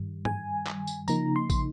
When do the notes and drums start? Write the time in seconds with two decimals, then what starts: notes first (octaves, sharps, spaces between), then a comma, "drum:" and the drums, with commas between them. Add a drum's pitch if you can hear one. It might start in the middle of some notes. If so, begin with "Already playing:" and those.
Already playing: G2 D#3 G3
0.25 G#5, drum: tom G#2
0.67 drum: clap
0.87 drum: tambourine
1.08 C#3 F3 A#3 D#4 A#5, drum: tambourine
1.36 C6
1.50 drum: kick, tambourine